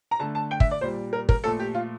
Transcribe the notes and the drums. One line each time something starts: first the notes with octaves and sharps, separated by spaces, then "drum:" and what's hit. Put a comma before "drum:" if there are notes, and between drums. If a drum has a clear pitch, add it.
A#5
D3 A3 A5
A5
G5
E5, drum: kick
D5
A#2 G3 C5
A#4
A#4, drum: kick
A#2 F3 A3 A4
G4
F4